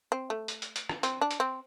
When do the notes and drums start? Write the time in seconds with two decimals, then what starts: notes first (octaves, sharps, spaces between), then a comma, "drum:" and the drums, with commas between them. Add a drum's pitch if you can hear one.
0.12 C4
0.30 A3
0.48 drum: hi-hat
0.62 drum: hi-hat
0.76 drum: hi-hat
0.89 drum: rim click
1.03 C4, drum: hi-hat
1.21 D4
1.31 drum: hi-hat
1.40 C4